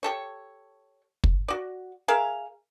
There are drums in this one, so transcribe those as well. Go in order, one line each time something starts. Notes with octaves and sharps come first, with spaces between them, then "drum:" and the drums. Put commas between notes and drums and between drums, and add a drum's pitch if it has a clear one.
G4 A4 C#5
drum: kick
F#4 D5
G#4 A#4 E5 F5